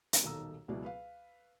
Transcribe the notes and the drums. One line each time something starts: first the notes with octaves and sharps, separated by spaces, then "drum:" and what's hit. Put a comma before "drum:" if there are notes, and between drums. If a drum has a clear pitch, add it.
drum: hi-hat
D#1 B1 D#3 A4 A#5 E6
C#2 B2 F#3 E4 D5
B4 F5